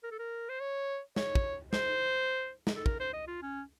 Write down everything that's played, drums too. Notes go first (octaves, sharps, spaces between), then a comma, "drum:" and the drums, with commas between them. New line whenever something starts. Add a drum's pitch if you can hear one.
A#4
A4
A#4
C5
C#5
C#5, drum: snare
drum: kick
C5, drum: snare
drum: snare
A4
A#4, drum: kick
C5
D#5
F4
C#4